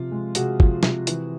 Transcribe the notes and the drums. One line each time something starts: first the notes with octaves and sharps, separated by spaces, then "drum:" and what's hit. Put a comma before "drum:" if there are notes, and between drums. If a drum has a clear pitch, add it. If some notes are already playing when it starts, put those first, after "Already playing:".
Already playing: C3 F3 F4
G#3
C3 F#4 G#4, drum: hi-hat
F3, drum: kick
C3, drum: snare
E3, drum: hi-hat